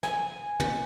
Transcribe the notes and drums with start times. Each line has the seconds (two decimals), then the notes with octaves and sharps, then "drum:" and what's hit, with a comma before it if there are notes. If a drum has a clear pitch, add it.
0.03 G#5, drum: snare
0.60 drum: tom